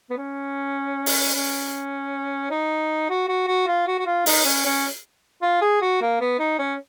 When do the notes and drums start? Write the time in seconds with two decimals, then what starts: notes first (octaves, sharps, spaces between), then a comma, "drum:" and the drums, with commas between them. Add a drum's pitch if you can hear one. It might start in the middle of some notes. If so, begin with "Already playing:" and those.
0.10 B3
0.18 C#4
1.06 drum: open hi-hat
1.35 C#4
2.51 D#4
3.10 F#4
3.29 F#4
3.47 F#4
3.67 F4
3.87 F#4
3.99 F#4
4.06 F4
4.26 D#4, drum: open hi-hat
4.45 C#4
4.65 C#4
5.42 F4
5.61 G#4
5.82 F#4
6.01 A#3
6.21 B3
6.39 D#4
6.59 C#4